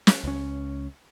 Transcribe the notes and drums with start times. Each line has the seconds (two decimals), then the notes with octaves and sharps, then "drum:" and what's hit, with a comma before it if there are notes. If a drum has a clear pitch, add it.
0.07 drum: snare
0.24 C#2 C#4